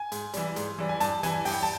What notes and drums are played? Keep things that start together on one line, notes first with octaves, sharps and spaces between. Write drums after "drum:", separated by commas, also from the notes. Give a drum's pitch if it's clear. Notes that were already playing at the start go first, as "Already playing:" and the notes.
Already playing: G#5
G#2, drum: hi-hat
E3 G3, drum: hi-hat
G#2, drum: hi-hat
E3 G3
G#5
G2 A5, drum: hi-hat
E3 G3 G#5, drum: hi-hat
G2 G5, drum: open hi-hat
A5